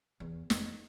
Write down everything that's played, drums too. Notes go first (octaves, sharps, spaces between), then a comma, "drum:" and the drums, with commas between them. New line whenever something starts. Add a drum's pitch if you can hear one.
E2
F2, drum: snare